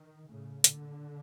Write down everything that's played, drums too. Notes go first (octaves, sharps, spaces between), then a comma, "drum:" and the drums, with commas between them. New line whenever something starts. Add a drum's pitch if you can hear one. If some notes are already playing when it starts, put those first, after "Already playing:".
Already playing: D#3
A2 C#3
A#2 D3, drum: hi-hat